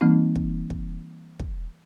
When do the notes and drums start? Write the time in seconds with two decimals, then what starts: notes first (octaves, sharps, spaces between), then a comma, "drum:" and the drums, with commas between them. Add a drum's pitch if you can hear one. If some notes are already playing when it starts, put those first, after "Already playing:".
0.01 E3 G3 A#3 C4 D#4
0.36 drum: kick
0.70 drum: kick
1.40 drum: kick